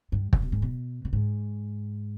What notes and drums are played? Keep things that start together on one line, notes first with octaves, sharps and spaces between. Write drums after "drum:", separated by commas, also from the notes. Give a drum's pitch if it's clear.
G2
C3, drum: kick
B2
G#2
B2
B2
G#2